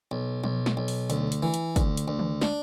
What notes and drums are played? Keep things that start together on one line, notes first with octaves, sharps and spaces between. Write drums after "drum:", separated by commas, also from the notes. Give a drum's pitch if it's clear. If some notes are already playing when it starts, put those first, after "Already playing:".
B1
B1, drum: tom F3
drum: snare
B1
drum: open hi-hat
D2, drum: hi-hat
drum: hi-hat
E3
drum: hi-hat
D2, drum: kick, hi-hat
drum: hi-hat
D2
drum: tom D#3
D4, drum: snare